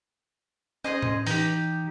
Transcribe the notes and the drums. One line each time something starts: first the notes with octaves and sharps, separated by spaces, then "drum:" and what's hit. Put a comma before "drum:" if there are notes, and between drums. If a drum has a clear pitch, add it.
C#4 G#4 C5 D#5
drum: tom A2
E3 D#4 G4, drum: open hi-hat